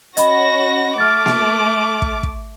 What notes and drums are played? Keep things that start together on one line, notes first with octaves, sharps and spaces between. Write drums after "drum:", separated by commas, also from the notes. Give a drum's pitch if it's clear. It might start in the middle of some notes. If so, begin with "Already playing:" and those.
C#4 F#4 D#5 B5 A#6, drum: hi-hat
A3 D6 F6 A6
drum: snare A#3
drum: kick
drum: kick